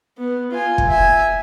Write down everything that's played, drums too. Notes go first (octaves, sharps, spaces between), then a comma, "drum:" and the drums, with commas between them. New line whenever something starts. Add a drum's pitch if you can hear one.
B3
F4 G#5
drum: kick
E5 G#5